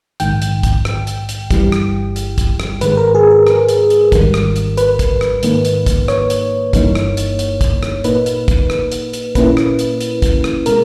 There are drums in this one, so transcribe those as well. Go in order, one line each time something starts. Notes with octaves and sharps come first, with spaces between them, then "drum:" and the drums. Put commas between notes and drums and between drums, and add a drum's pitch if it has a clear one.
A#1 G#2 D#3 G5, drum: hi-hat
drum: hi-hat
drum: kick, hi-hat
drum: rim click
drum: hi-hat
drum: hi-hat
G1 G2 E3 G3, drum: kick, hi-hat
drum: rim click
drum: hi-hat
drum: kick, hi-hat
drum: rim click
G#2 D#3 G#3 B4, drum: hi-hat
A#4
G#4
A#4
A#4, drum: rim click
drum: hi-hat
drum: hi-hat
G#1 G#2 D#3 G3, drum: kick, hi-hat
drum: rim click
drum: hi-hat
B4, drum: hi-hat
drum: kick, hi-hat
drum: rim click
G#2 D#3 A#3 D#4, drum: hi-hat
drum: hi-hat
drum: kick, hi-hat
C#5, drum: rim click
drum: hi-hat
G1 G2 E3 A#3 D#4, drum: kick, hi-hat
drum: rim click
drum: hi-hat
drum: hi-hat
drum: kick, hi-hat
drum: rim click
A#2 A#3 D#4 B4, drum: hi-hat
drum: hi-hat
drum: kick, hi-hat
drum: rim click
drum: hi-hat
drum: hi-hat
A#2 A#3 C#4 E4 B4, drum: kick, hi-hat
drum: rim click
drum: hi-hat
drum: hi-hat
drum: kick, hi-hat
drum: rim click
B2 G#3 A#4, drum: hi-hat